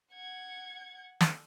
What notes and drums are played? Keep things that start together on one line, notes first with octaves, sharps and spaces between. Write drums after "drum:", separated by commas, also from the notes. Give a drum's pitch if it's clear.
F#5 G#6
drum: snare